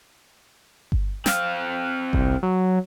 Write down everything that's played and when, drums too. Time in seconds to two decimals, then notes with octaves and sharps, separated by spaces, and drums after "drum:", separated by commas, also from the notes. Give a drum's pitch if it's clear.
0.92 drum: kick G1
1.26 C4 F5, drum: snare
2.13 C2, drum: kick G1
2.43 F#3